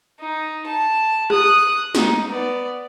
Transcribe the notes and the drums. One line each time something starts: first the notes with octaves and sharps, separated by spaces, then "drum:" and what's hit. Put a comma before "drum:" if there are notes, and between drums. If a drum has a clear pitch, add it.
D#4
A5
D#6 F#6, drum: rim click
D#4, drum: snare
B3 D5